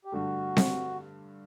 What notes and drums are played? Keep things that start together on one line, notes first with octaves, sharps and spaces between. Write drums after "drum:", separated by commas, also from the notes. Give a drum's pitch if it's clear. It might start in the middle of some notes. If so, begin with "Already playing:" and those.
G4
G2 D3 A3 F#4
drum: snare C4